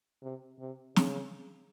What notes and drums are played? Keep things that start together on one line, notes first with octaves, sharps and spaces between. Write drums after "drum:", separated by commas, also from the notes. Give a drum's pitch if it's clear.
C3
C3
C#3, drum: snare